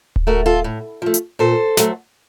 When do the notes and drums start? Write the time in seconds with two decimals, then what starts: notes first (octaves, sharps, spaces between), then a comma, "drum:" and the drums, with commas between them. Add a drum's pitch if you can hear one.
0.16 drum: kick D1
0.27 A3 F#4 A#4
0.46 F4 A4
0.64 A2
1.02 F3 A3
1.14 drum: hi-hat
1.39 A#2 A4 C5
1.77 F#3 A3, drum: snare